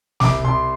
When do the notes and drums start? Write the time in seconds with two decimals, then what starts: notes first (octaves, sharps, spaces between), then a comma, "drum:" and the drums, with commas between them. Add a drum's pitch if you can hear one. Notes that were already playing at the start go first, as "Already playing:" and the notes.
0.20 C2 D6, drum: snare
0.44 C2 C6